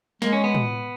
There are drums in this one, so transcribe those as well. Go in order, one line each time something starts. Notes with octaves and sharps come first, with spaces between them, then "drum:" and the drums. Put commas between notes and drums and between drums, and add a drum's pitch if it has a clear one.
G#3 A#3, drum: snare
C#4
B3
drum: tom